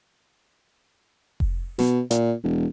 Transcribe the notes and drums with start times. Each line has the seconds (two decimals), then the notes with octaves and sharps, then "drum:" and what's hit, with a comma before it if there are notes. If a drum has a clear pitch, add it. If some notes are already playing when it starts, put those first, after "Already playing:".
1.40 drum: kick F1
1.79 B2, drum: snare
2.11 A#2, drum: hi-hat
2.44 E1